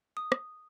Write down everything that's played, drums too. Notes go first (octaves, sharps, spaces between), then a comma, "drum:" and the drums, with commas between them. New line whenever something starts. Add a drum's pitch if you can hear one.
D#6
drum: rim click